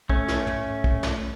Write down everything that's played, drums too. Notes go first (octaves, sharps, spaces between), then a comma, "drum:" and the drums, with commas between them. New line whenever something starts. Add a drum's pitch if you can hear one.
A3 C#4, drum: kick
drum: snare
drum: tom
drum: kick
drum: snare